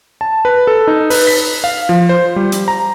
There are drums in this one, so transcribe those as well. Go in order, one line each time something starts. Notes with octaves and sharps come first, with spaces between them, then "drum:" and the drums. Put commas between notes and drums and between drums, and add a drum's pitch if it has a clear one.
A5
B4
A4
D#4
B4, drum: open hi-hat
B6
F5
F3
C5
G3
drum: hi-hat
A#5